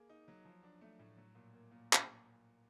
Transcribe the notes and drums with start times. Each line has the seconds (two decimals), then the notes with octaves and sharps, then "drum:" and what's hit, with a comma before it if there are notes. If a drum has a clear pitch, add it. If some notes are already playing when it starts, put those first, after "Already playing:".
Already playing: A#3 G#4
0.09 D#4
0.28 F#3
0.45 F3
0.63 D4
0.81 A3
0.99 A2
1.17 F#3
1.35 A#2
1.53 A#3
1.71 A#2
1.93 drum: clap